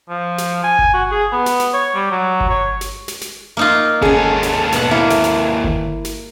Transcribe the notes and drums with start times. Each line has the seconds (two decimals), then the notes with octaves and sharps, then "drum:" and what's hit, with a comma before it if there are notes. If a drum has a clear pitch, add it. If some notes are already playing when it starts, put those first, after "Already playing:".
0.09 F3
0.38 drum: snare
0.64 G#5
0.79 drum: kick G1
0.94 F#4
1.11 G#4
1.32 B3
1.46 drum: snare
1.60 drum: snare
1.74 C#5
1.95 G3
2.11 F#3
2.40 drum: kick G1
2.50 C#5
2.81 drum: snare
3.08 drum: snare
3.21 drum: snare
3.57 A#3 D#4 F4
4.02 D#2 C#4 G#4 A4, drum: kick G1
4.43 drum: snare
4.72 B2 F#5, drum: snare
4.91 A#3 E4
5.10 drum: snare
5.24 drum: snare
5.64 drum: kick G1
6.05 drum: snare